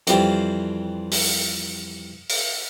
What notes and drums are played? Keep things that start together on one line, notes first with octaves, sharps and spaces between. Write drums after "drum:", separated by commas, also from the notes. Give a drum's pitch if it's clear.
F2 E3 G3 F4 G4 C5, drum: hi-hat
drum: open hi-hat
drum: open hi-hat